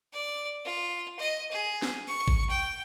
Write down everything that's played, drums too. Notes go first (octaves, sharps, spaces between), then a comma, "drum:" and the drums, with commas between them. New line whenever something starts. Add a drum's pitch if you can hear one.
D5
F4
D#5
G#4
drum: snare
C#6
drum: kick G#1
G5